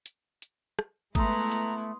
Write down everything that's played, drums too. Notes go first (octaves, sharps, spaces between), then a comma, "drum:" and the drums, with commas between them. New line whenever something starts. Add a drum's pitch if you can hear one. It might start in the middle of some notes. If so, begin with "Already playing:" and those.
drum: hi-hat
drum: hi-hat
drum: rim click
G#3 A3 B3 E4 A#5 C6 D#6, drum: kick, hi-hat
drum: hi-hat